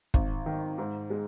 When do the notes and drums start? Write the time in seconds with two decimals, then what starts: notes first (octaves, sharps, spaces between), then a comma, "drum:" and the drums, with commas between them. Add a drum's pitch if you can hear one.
0.14 G#1, drum: kick
0.46 D#3
0.78 G#2
1.10 G#3